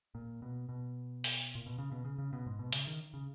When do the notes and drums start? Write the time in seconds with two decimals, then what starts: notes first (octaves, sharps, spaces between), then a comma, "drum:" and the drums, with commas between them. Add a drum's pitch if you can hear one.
0.15 A#2
0.42 B2
0.69 B2
1.24 drum: open hi-hat
1.55 A#2
1.66 B2
1.78 C#3
1.92 B2
2.05 C#3
2.18 C#3
2.33 B2
2.46 G#2
2.59 B2
2.73 C#3, drum: hi-hat
2.87 D#3
3.14 C#3